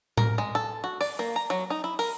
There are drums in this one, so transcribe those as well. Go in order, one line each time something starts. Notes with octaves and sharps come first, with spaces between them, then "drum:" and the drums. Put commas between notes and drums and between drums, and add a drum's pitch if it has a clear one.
A#4, drum: tom A2
G#3
A4
F#4
D5, drum: open hi-hat
A#3
A#5
F#3
D#4
E4
A#4, drum: open hi-hat